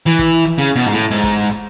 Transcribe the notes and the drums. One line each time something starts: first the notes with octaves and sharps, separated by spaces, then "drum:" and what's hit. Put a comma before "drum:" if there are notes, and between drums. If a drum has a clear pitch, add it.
E3
drum: kick, hi-hat
drum: hi-hat
C#3
B2
G#2
A2
G#2
drum: kick, hi-hat
drum: hi-hat